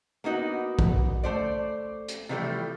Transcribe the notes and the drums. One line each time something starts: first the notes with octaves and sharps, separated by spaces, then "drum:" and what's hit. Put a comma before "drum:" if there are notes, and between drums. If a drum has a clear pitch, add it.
A#3 B3 D#4 F#4
drum: kick
A3 C5 D5
drum: hi-hat
C3 E3 F3 G3 A3